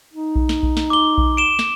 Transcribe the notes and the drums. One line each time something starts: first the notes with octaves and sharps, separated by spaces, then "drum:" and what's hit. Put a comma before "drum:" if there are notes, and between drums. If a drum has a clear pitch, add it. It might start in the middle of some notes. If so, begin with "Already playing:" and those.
D#4
drum: kick A#1
drum: snare
drum: kick A#1
drum: snare
D6 G7
drum: kick A#1
D7 E7 G7
drum: snare